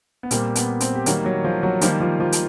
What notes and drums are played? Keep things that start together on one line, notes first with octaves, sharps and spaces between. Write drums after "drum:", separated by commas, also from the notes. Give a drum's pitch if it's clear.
B3
A#2 G3 A#3 C4, drum: hi-hat
B3, drum: hi-hat
C4, drum: hi-hat
G4
D#3 F#3 G3 A#3 F#4, drum: hi-hat
F#3 F#4
F3 F4
F#3 F#4
D#3 F3 G3 A#3 F4, drum: hi-hat
F3 F4
F3 F4
drum: hi-hat